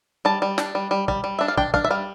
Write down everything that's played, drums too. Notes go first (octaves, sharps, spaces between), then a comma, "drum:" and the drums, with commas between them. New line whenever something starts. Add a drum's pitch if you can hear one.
G3 A5
G3
D4, drum: snare
G3
G3
G3, drum: kick
G3
D4 E5
F5
D4 G5, drum: kick
D4 F5, drum: kick
E5
G3 F5